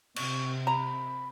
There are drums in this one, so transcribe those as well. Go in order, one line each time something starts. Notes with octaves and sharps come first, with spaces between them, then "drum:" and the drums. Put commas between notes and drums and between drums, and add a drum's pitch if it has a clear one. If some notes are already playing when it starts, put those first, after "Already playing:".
C3 C#6, drum: cymbal
A#5 B5